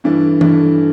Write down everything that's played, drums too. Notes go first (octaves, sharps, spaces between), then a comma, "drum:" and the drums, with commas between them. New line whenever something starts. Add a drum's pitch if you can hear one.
G2 E3 A3 D4
G2 E3 A3 D4, drum: tom E3